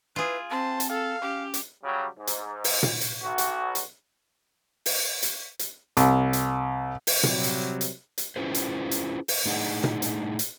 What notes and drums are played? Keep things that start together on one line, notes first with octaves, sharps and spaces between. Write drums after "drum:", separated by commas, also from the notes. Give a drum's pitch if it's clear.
E4 F4 G#4 B4
C4 C5 A5
drum: hi-hat
A4 F5
C#4 G4
drum: hi-hat
C#3 F#3 G3
G#2
drum: hi-hat
drum: open hi-hat
drum: tom A#2
drum: hi-hat
B1 F#4
drum: hi-hat
drum: hi-hat
drum: open hi-hat
drum: hi-hat
drum: hi-hat
C2, drum: hi-hat
drum: hi-hat
drum: open hi-hat
C3 F#3 G3, drum: tom A#2
drum: hi-hat
drum: hi-hat
drum: hi-hat
C#4 E4 F4 G#4 B4 C5
drum: hi-hat
drum: hi-hat
drum: open hi-hat
A2 D4 D#4 G#4 F#5
drum: tom A#2
drum: hi-hat
drum: hi-hat